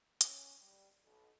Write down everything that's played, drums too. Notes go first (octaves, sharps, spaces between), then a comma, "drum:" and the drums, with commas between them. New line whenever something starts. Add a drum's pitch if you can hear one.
C#4, drum: hi-hat
G3
B1